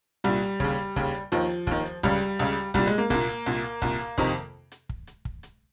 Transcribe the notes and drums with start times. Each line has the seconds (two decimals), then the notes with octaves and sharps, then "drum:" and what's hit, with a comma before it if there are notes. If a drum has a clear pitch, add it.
0.24 C2 A#2 G3
0.42 drum: hi-hat
0.60 D#2 C#3, drum: kick
0.78 drum: hi-hat
0.96 D#2 C#3, drum: kick
1.14 drum: hi-hat
1.32 D#2 D#3 F3
1.50 drum: hi-hat
1.67 D#2 D#3, drum: kick
1.85 drum: hi-hat
2.03 C#2 C#3 G3, drum: kick
2.21 drum: hi-hat
2.39 C#2 C#3
2.57 drum: hi-hat
2.74 C2 A#2 G3, drum: kick
2.87 G#3
2.98 A#3
3.10 C2 A#2 A#3, drum: kick
3.28 drum: hi-hat
3.46 C2 A#2
3.64 drum: hi-hat
3.82 C2 A#2, drum: kick
4.00 drum: hi-hat
4.18 F2 C3 D#3, drum: kick
4.36 drum: hi-hat
4.72 drum: hi-hat
4.89 drum: kick
5.07 drum: hi-hat
5.25 drum: kick
5.43 drum: hi-hat